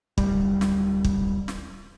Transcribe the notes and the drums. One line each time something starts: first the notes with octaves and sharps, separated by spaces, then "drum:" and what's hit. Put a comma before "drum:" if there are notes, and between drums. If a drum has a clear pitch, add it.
D1 G3, drum: kick
drum: snare
drum: kick
drum: snare